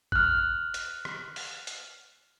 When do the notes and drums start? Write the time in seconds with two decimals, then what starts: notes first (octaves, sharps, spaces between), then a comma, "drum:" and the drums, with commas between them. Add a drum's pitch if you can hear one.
0.12 F6 F#6, drum: kick G1
0.74 drum: hi-hat
1.05 drum: rim click
1.36 drum: open hi-hat
1.67 drum: hi-hat